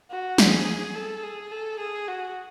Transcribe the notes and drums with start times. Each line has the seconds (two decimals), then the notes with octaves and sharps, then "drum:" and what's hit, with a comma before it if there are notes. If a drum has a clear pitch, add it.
0.11 F#4
0.38 G#4, drum: snare
0.95 A4
1.23 G#4
1.52 A4
1.79 G#4
2.08 F#4